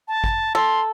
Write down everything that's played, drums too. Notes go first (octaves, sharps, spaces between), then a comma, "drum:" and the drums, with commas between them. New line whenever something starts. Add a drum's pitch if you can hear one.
A5
drum: kick G#1
A4 C6